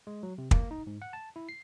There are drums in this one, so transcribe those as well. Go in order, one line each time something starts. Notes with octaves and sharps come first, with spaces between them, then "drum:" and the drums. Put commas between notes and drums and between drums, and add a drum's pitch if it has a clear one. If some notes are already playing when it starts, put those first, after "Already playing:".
G#3
F#3
C3
A#3, drum: kick
D#4
G#2
F#5
A5
E4
C7